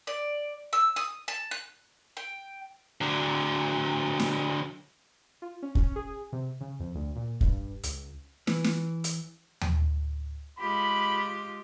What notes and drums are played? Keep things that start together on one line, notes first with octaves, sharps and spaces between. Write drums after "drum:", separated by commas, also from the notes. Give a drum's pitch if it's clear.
D5
E6
D#6
A5
F#6
G5
D3 F#3
drum: snare
F4
C#4
C#4, drum: kick
G#4
C3
C#3
F2
D2
A#2
G2, drum: kick
C#2, drum: hi-hat
E3, drum: snare
drum: snare
drum: hi-hat
drum: tom
G#3 F4 G4 B5